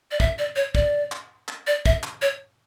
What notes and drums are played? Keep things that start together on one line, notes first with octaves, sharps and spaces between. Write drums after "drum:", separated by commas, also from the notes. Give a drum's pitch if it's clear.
D5
E5, drum: kick
D5
C#5
D5, drum: kick
drum: clap
drum: clap
D5
E5, drum: kick
drum: clap
C#5